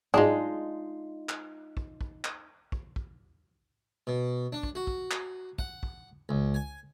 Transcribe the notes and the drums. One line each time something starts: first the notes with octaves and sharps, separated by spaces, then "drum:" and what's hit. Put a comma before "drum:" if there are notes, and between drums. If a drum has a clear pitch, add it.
G#2 F#3 G#3 D4 D#4 F4 G#4
drum: clap
drum: kick
drum: kick
drum: clap
drum: kick
drum: kick
B2
D4
drum: kick
F#4
drum: kick
drum: clap
F#5, drum: kick
drum: kick
C#2
G#5